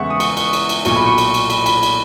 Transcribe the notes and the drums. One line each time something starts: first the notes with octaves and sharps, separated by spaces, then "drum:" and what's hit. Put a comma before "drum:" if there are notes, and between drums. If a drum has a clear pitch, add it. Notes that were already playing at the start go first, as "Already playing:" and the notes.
Already playing: E2 C#3 G#3 B3 E5 F#5 C#6
D#6
C#6, drum: cymbal
drum: cymbal
drum: cymbal
drum: cymbal
B1 A#2 F#3 C#6, drum: cymbal
B5
C#6
drum: cymbal
drum: cymbal
B5, drum: cymbal
B5, drum: cymbal
drum: cymbal